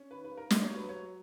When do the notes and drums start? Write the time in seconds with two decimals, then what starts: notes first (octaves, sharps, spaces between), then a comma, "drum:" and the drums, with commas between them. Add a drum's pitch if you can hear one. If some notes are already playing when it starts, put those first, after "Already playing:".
Already playing: C#4
0.11 D#3 B4
0.24 B4
0.31 A#3
0.37 A#4
0.50 F#3 D#5, drum: snare
0.64 C#5
0.70 F#3
0.76 B4
0.89 F#3 C#5